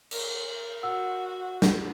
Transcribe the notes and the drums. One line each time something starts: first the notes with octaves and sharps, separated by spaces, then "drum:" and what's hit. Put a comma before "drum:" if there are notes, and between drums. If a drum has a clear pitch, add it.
A#4, drum: cymbal
F#4 F#5 E6
drum: snare